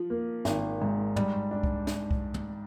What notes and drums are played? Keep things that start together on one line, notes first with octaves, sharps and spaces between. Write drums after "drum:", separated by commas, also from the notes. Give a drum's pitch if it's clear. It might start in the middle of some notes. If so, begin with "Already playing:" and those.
Already playing: F3
A#3
G#1, drum: snare
G#2
G3, drum: tom
D4
drum: kick C2
drum: snare
drum: kick C2
drum: tom